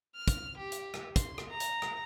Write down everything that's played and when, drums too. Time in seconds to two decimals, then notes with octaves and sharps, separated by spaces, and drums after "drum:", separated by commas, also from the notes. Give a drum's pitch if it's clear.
0.16 F6
0.28 drum: kick, hi-hat
0.57 G4
0.72 drum: hi-hat
0.94 drum: rim click
1.16 C6, drum: kick, hi-hat
1.38 drum: rim click
1.50 A#5
1.60 drum: hi-hat
1.82 drum: rim click